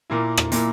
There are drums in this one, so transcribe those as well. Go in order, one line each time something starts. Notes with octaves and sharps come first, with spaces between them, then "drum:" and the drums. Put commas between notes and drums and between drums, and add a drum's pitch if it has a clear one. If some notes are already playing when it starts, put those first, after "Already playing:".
A#2 A#3 E4
drum: rim click
A#2 A#3 E4, drum: hi-hat